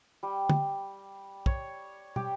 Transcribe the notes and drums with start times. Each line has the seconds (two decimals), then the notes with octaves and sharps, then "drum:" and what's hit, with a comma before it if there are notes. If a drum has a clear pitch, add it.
0.23 G3
0.50 drum: tom D3
1.46 C#5, drum: kick
2.16 G4, drum: tom